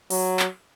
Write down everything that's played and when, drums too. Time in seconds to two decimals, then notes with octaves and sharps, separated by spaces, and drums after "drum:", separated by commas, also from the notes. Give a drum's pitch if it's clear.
0.10 F#3, drum: open hi-hat
0.39 drum: clap